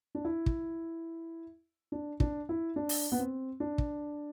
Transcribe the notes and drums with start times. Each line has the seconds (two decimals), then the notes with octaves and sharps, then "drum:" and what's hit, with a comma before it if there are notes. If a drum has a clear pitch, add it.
0.15 D4
0.25 E4
0.46 drum: kick
1.92 D4
2.20 D4, drum: kick
2.49 E4
2.76 D4
2.89 drum: open hi-hat
3.12 B3
3.19 C4
3.60 D4
3.78 drum: kick